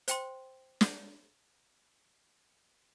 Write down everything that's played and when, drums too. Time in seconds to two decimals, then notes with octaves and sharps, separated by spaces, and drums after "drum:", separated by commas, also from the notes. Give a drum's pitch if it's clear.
0.08 C5 G5 C6, drum: hi-hat
0.81 drum: snare